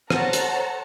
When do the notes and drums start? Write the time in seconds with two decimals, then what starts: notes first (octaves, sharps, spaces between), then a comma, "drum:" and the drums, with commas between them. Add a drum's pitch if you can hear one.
0.10 A4 C5 C#5 F#5 A5 A#5, drum: rim click
0.33 drum: hi-hat